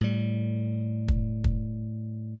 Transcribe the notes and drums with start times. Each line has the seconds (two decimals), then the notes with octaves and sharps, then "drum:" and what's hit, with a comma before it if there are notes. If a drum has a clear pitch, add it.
0.01 A2 G3
1.08 drum: kick
1.44 drum: kick